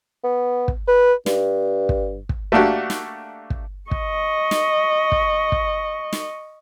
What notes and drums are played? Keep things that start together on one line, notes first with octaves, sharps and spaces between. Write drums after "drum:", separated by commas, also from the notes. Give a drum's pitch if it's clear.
B3
drum: kick
B4
G2, drum: snare
drum: kick
drum: kick
A3 A#3 D4 F#4 G4
drum: snare
drum: kick
D#5 C#6, drum: kick
drum: snare
drum: kick
drum: kick
drum: snare